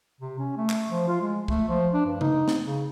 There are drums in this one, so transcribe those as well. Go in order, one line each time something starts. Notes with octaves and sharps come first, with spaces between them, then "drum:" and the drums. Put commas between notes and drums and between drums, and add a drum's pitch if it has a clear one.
C3
C#4
A3
drum: clap
F3
F4
G#3
A3, drum: kick
F3
D4
G2
D#4, drum: tom C#3
drum: snare
C#3